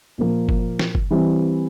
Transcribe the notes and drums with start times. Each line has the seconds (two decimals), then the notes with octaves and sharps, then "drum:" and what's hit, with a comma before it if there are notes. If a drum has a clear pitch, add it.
0.18 A#2 F3 A#3
0.49 drum: kick F#1
0.79 drum: snare
0.95 drum: kick F#1
1.11 E3 G3 C4 E4